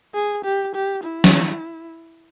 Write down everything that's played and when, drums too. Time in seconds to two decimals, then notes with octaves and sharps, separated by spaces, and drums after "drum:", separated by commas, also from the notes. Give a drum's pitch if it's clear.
0.14 G#4
0.45 G4
0.75 G4
1.04 E4
1.24 drum: snare